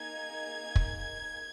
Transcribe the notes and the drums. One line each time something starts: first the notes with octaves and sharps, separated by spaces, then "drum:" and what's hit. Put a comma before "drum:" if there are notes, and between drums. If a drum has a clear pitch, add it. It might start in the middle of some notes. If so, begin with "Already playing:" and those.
Already playing: A#3 D#4 G#4 G#6
drum: kick